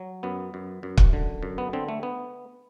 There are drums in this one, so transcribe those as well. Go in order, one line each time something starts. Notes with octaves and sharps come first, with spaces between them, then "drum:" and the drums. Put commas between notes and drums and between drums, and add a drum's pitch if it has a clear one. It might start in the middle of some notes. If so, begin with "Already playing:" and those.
Already playing: F#3
F#2 B3
F#2
F#2
drum: kick
D3
F#2
B3
D3 C4
A3
B3